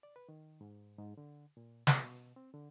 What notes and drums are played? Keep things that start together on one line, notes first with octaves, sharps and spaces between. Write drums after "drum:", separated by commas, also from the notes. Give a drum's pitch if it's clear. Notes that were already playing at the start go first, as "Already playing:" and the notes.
D5
B4
D#3
G#2
G#2
D3
A#2
B4, drum: snare
B2
C4
D3